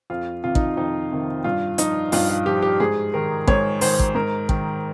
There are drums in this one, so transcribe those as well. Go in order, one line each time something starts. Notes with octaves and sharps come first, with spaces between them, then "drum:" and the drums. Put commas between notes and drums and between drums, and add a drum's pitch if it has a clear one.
F2 F4
C3 D#3 F4
D#4, drum: kick
F2 D#4
C3 D#3
G2 F4
F3 D#4, drum: hi-hat
G2 F4, drum: open hi-hat
F4
F3 G4
G4
G#2 G#4
D#3 A#4
G#2 C#5, drum: kick
D#3 C5, drum: open hi-hat
drum: kick
G#2 A#4
D#3, drum: kick